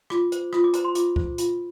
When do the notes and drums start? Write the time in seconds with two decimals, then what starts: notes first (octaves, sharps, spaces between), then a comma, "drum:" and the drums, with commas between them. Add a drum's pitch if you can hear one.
0.10 F4 D6, drum: rim click
0.32 C5, drum: hi-hat
0.53 F4 D#6, drum: rim click
0.64 D6
0.74 C5 A#5, drum: hi-hat
0.84 C6
0.95 F4 D6, drum: hi-hat
1.16 C5, drum: kick
1.38 F4, drum: hi-hat